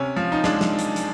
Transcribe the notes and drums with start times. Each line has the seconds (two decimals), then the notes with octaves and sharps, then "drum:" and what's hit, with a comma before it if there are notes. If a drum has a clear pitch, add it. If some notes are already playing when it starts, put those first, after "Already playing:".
Already playing: C3 C#4
0.16 F3
0.32 D#4
0.44 G#3 D4, drum: snare
0.61 drum: snare
0.79 drum: hi-hat
0.96 drum: hi-hat